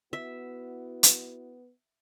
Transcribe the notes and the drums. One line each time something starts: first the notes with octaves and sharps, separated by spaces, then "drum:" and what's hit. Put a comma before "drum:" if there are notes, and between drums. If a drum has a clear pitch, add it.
B3 E4 F#4 E5
drum: hi-hat